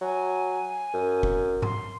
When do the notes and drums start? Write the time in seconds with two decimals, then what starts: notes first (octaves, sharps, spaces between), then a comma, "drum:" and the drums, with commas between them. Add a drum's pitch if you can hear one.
0.01 F#3 G#5
0.94 F#2
1.23 drum: kick
1.62 C6, drum: tom G2